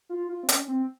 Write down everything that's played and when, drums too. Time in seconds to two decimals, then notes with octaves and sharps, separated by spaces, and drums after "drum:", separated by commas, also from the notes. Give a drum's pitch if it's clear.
0.09 F4
0.29 F4
0.43 C4
0.49 C#4, drum: hi-hat
0.68 C4